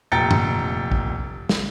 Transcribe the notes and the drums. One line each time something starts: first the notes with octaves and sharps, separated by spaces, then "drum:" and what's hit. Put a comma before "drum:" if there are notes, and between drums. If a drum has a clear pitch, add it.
F1 A#2 G5 A#5 A6 C#7
drum: tom
drum: kick
drum: snare